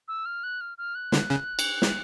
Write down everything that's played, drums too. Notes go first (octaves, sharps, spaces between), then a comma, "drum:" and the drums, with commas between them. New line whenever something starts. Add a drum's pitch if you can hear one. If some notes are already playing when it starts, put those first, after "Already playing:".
E6
F6
F#6
F6
F6
F#6
D3, drum: snare
C#3
drum: cymbal
drum: snare